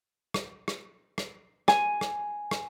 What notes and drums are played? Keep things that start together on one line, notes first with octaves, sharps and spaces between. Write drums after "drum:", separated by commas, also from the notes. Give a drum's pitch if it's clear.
drum: rim click
drum: rim click
drum: rim click
G#5, drum: rim click
drum: rim click
drum: rim click